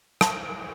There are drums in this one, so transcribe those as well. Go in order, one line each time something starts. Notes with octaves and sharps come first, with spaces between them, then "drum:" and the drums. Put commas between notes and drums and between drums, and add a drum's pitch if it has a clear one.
A5, drum: rim click